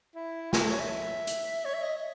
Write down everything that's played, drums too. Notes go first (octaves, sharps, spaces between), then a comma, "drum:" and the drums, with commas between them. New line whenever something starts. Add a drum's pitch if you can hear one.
E4
G#4, drum: snare
A4
C#5
E5
drum: hi-hat
C#5
E5
D#5